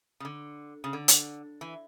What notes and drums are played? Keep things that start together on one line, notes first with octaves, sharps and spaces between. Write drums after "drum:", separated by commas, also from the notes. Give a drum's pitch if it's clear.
C#3
D3
C#3
D3
drum: hi-hat
E3